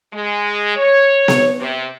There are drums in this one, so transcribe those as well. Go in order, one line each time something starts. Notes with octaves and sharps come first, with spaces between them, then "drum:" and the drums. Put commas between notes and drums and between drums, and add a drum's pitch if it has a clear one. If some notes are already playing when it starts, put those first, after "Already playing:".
G#3
C#5
drum: snare B3
C3